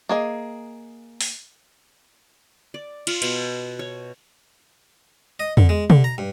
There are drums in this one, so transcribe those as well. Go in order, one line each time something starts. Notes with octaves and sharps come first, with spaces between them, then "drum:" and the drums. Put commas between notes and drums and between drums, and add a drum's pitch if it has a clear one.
A#3 G#4 D#5
drum: open hi-hat
D5
F4, drum: cymbal
B2, drum: cymbal
C#5
D#5
D3, drum: tom E2
G#3
D3, drum: tom
A#5
G2